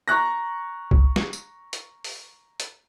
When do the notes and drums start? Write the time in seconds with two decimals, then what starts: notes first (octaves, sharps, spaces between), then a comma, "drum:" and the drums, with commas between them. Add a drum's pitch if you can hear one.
0.08 A#5 C#6 F#6 A#6
0.91 drum: kick C2
1.16 drum: snare
1.33 drum: tambourine
1.73 drum: hi-hat
2.04 drum: open hi-hat
2.60 drum: hi-hat